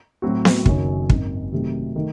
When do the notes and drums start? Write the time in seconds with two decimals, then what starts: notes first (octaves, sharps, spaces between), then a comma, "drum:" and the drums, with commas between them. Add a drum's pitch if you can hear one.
0.22 A2 F#3 C4 F#4
0.45 drum: snare B3
0.66 F#1 F#2 D#3 F#3 C#4, drum: kick
1.10 G#1 F#2 D#3, drum: kick
1.53 C3 D#3 F#3 A3
1.96 D#3 A3